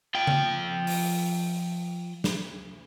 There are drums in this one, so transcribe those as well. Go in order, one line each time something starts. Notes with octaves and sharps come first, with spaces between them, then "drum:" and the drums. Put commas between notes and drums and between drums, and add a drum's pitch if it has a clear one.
F3 G5
drum: tom C#3
drum: open hi-hat
drum: snare